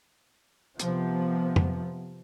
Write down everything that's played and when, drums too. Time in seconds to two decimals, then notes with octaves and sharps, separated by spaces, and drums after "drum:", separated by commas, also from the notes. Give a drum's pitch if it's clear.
0.80 C3 F3 B3, drum: hi-hat
1.56 drum: tom F2